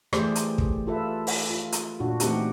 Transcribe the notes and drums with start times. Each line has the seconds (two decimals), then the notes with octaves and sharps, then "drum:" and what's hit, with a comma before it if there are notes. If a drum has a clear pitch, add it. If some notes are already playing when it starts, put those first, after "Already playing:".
0.13 E3 A3 G4 G#4 C5 D5, drum: rim click
0.35 drum: hi-hat
0.58 drum: kick
0.87 F4 A4 B4 E5
1.27 drum: open hi-hat
1.50 F4
1.72 drum: hi-hat
2.00 A#2 D4 F#4
2.20 E3 A3 C4 D#4 G4 F#5, drum: hi-hat